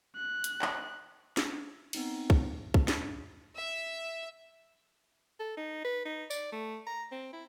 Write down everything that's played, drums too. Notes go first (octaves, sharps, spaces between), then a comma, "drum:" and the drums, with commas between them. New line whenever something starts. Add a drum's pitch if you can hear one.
F#6
drum: hi-hat
drum: clap
drum: snare
B3 C4 D#4 C#7, drum: cymbal
drum: kick
drum: kick
drum: snare
E5
A4
D#4
B4
D#4
D5, drum: tambourine
A3
A#5
C4
E4